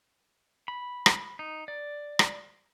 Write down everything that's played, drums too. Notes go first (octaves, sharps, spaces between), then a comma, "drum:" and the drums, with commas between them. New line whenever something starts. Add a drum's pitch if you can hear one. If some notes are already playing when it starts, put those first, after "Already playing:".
B5
drum: rim click
D#4
D5
drum: rim click